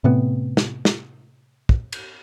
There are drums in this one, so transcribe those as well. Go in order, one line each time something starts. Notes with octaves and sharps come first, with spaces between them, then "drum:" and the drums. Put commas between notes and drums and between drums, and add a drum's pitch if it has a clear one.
A2 C3 B3
drum: snare
drum: snare
drum: kick
drum: cymbal